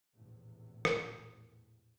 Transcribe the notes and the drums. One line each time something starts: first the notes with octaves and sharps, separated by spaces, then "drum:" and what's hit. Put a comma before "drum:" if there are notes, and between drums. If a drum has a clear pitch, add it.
A#1 E2 A2 C3
drum: rim click